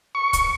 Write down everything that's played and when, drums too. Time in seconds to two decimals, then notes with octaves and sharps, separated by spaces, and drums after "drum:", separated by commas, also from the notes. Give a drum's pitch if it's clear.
0.15 C#6
0.33 drum: kick C#1, hi-hat